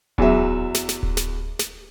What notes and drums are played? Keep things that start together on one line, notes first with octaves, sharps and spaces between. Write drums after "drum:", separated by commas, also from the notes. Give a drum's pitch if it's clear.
E2 F#3 E5, drum: kick D1
drum: snare
drum: snare
drum: kick D1
drum: snare
drum: snare